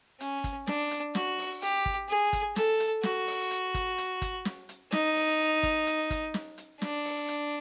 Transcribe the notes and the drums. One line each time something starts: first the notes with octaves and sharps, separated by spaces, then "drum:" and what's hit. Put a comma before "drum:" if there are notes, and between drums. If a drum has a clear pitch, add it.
C#4, drum: hi-hat
drum: kick, hi-hat
D4, drum: snare
drum: hi-hat
F#4, drum: snare
drum: open hi-hat
G4, drum: hi-hat
drum: kick
G#4
drum: kick, hi-hat
A4, drum: snare
drum: hi-hat
F#4, drum: snare
drum: open hi-hat
drum: hi-hat
drum: kick, hi-hat
drum: hi-hat
drum: kick, hi-hat
drum: snare
drum: hi-hat
D#4, drum: snare
drum: open hi-hat
drum: kick, hi-hat
drum: hi-hat
drum: kick, hi-hat
drum: snare
drum: hi-hat
D4, drum: snare
drum: open hi-hat
drum: hi-hat